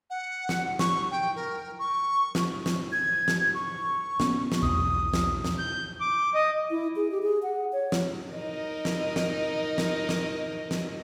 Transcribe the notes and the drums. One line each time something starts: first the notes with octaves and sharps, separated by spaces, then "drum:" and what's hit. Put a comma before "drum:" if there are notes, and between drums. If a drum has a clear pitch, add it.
F#5
drum: snare
C#6, drum: snare
G5
A#4
C#6
drum: snare
drum: snare
G#6
drum: snare
C#6
B3 C#4, drum: snare
drum: snare
B1 E2 B2 D#6
drum: snare
drum: snare
G6
D6
D#5
E4
G#4
G4
G#4
F#5
C#5
drum: snare
D#4 A#4 D#5
drum: snare
drum: snare
drum: snare
drum: snare
drum: snare